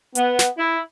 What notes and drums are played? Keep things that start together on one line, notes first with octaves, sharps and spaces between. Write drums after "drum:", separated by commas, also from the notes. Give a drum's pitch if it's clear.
B3, drum: hi-hat
drum: snare
E4